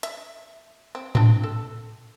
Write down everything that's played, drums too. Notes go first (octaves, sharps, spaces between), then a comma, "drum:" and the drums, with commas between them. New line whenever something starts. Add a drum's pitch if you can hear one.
E5, drum: hi-hat
C4
C4 D4, drum: tom A2
A4